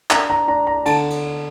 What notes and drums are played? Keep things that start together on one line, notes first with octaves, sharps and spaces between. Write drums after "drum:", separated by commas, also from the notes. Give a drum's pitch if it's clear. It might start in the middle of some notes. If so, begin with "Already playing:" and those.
D4 A#5, drum: clap
A#5
D4 A#5
A#5
D3 A5, drum: cymbal
drum: cymbal